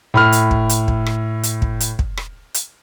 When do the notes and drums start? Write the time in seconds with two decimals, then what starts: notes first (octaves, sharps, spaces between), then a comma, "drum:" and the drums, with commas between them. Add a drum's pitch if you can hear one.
0.14 A2 B5 F6
0.32 drum: hi-hat
0.51 drum: kick
0.69 drum: hi-hat
0.88 drum: kick
1.06 drum: rim click
1.43 drum: hi-hat
1.62 drum: kick
1.80 drum: hi-hat
1.99 drum: kick
2.17 drum: rim click
2.54 drum: hi-hat